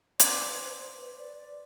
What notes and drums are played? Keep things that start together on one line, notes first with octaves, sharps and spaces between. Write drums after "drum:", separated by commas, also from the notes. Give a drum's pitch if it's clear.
D5 C6 D6, drum: hi-hat
D5
B4
C5
C5
B4
D5
D5